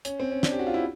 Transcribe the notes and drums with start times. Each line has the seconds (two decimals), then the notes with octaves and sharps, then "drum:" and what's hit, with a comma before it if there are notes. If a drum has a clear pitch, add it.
0.05 C#4, drum: hi-hat
0.20 C4
0.31 C#4
0.43 D4, drum: snare
0.52 G4
0.59 F#4
0.67 F4
0.74 E4